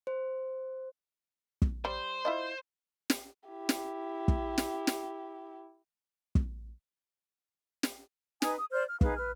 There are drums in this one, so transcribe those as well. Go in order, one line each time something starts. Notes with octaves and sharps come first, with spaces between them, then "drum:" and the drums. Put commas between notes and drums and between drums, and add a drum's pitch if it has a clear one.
C5
drum: kick
G3 C5
E4 F4 D#5
drum: snare
E4 G4
drum: snare
drum: kick
drum: snare
drum: snare
drum: kick
drum: snare
D#4 B4 G#5 D#6, drum: snare
D#6
C5 D5 F6 G6
F6
D#4 G#4 B4 F5, drum: kick
B4 F6